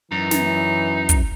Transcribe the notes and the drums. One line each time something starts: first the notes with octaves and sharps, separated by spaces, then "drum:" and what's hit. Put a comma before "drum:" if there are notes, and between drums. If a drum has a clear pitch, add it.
F#2 E3 D#4
drum: snare
drum: kick, hi-hat